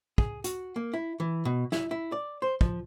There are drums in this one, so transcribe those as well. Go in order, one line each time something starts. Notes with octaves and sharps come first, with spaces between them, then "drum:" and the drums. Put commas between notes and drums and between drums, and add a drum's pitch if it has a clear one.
G#4, drum: kick
F#4, drum: hi-hat
A#3
E4
E3
B2
E4, drum: snare
E4
D5
C5
F3, drum: kick